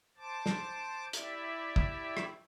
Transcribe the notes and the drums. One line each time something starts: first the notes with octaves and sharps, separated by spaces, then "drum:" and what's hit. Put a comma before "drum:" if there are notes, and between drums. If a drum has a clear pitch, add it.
C5 A5 D6
drum: snare
E4 G4 D5 E5, drum: hi-hat
drum: kick
drum: rim click